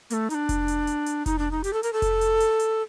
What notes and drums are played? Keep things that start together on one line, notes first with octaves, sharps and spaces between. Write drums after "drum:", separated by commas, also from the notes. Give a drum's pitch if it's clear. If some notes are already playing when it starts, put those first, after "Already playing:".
A#3, drum: hi-hat
A3
D#4, drum: hi-hat
D4
drum: kick F1, hi-hat
drum: hi-hat
drum: hi-hat
drum: hi-hat
D#4, drum: kick F1, hi-hat
D4
D#4
G4, drum: hi-hat
A4
A#4, drum: hi-hat
A4
drum: kick F1, hi-hat
drum: hi-hat
drum: hi-hat
drum: hi-hat